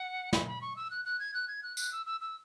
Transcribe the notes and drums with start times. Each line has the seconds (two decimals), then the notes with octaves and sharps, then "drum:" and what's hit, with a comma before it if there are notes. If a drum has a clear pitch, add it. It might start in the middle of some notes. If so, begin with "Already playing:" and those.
Already playing: F#5
0.33 B5, drum: snare
0.47 B5
0.61 C#6
0.76 E6
0.91 F#6
1.05 F#6
1.19 G#6
1.34 F#6
1.48 G#6
1.63 F#6
1.77 F#6, drum: tambourine
1.92 E6
2.06 E6
2.21 E6